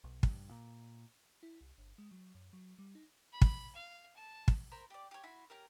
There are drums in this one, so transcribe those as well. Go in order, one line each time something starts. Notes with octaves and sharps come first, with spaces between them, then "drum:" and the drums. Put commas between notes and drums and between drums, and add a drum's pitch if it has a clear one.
B1
G2, drum: kick
A#2
E4
C2
G1
G#3
F#3
F#2
F#3
G3
D#4
B5
drum: kick
F5
A5
drum: kick
A#4 C5 B5
G4 D5
G4 C#5
E4 F#4 B5 C6
C#4 G4 A#4